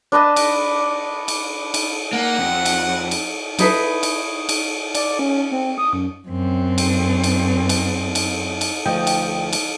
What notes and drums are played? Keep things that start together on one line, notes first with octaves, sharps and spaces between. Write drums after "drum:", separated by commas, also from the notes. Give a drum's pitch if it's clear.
D4 B4 D#5 A5
drum: cymbal
drum: cymbal
drum: cymbal
A#3 F#5
F2
drum: cymbal
drum: cymbal
D#4 E4 G#4 A4 B4 E5, drum: cymbal
drum: cymbal
drum: cymbal
D5, drum: cymbal
C#4
C4
D#6
F#2
F#2 C4
drum: cymbal
drum: cymbal
drum: cymbal
drum: cymbal
drum: cymbal
D2 F3 D#5 G5 D#6
drum: cymbal
drum: cymbal